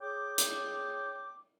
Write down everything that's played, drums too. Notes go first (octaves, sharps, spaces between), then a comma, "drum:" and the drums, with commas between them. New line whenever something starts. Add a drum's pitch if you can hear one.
G#4 C#5 G5 D6
drum: hi-hat